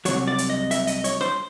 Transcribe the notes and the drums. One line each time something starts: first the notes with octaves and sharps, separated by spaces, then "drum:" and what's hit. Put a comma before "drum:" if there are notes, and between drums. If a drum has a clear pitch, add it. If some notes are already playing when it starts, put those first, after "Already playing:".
C2 C3 F#3 C#5, drum: hi-hat
D5
drum: hi-hat
D#5
E5, drum: hi-hat
D#5, drum: hi-hat
C#5, drum: hi-hat
C5, drum: snare